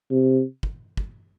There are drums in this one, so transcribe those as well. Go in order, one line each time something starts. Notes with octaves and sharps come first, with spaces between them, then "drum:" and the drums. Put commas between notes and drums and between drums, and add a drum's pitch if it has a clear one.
C3
drum: kick
drum: kick